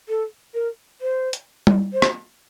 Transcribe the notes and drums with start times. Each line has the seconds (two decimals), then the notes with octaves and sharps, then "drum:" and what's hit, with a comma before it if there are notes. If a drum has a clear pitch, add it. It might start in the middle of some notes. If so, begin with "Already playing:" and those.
0.09 A4
0.54 A#4
1.01 C5
1.33 drum: hi-hat
1.67 drum: tom G3
1.93 C5
2.02 drum: rim click